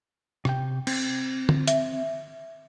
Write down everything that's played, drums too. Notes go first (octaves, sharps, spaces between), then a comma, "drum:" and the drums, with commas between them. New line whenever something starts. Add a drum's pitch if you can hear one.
C3 G5, drum: rim click
C4, drum: cymbal
drum: tom D3
E5, drum: hi-hat